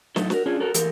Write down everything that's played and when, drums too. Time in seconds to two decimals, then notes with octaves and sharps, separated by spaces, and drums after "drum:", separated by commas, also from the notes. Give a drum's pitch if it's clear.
0.16 A2 F#3 A3 D#4 A4, drum: snare
0.30 F#4 A#4, drum: snare
0.46 C#4 D4 F4 G#4 C#5
0.60 F#4 A4 A#4 C#5
0.75 E3 A3 G4 A#4, drum: hi-hat